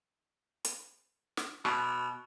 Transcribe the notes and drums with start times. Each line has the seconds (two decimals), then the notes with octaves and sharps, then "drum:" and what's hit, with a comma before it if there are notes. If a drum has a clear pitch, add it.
0.65 drum: hi-hat
1.37 drum: snare
1.65 B2, drum: rim click